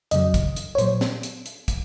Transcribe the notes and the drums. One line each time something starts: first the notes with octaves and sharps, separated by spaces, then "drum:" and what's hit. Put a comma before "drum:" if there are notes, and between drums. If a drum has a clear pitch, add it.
F2 C#3 F#3 D#5, drum: hi-hat
drum: kick, hi-hat
drum: hi-hat
C#5
A#2 F#3 C5, drum: hi-hat
drum: snare
drum: hi-hat
drum: hi-hat
drum: kick, hi-hat